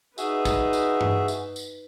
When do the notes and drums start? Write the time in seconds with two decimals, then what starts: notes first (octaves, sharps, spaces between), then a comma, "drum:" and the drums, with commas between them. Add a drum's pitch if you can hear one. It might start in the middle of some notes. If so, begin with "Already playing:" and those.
0.18 D#4 F#4 G#4 B4 E5, drum: tambourine
0.45 drum: kick, tambourine
0.73 drum: tambourine
1.01 drum: tom G2
1.28 drum: tambourine
1.56 drum: tambourine